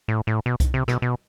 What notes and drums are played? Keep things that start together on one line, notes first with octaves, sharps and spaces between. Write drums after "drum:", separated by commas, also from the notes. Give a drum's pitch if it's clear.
A2
A2
B2
drum: kick C2, hi-hat
C3
B2, drum: rim click
B2